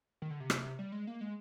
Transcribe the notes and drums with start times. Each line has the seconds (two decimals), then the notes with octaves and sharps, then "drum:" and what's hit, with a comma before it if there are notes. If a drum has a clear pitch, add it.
0.22 D#3
0.30 D3
0.40 C3
0.50 drum: rim click
0.79 G3
0.92 G#3
1.07 A#3
1.21 G#3